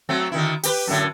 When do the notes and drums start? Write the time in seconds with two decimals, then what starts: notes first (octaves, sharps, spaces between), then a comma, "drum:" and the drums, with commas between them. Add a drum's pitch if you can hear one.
0.09 F#3 A3 C4
0.32 D3 D#3 E4
0.63 G4 A#4 B4, drum: open hi-hat
0.87 F#2 A2 D3